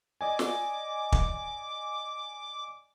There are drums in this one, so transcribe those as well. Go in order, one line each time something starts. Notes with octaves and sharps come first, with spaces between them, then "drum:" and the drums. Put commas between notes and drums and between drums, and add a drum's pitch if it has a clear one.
D5 D#5 G#5 D6
drum: snare
drum: kick